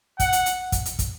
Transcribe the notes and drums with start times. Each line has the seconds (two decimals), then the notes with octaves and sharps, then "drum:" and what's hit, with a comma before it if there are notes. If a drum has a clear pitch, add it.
0.20 F#5, drum: kick, hi-hat
0.33 drum: hi-hat
0.46 drum: hi-hat
0.72 drum: kick, hi-hat
0.85 drum: hi-hat
0.99 drum: kick, hi-hat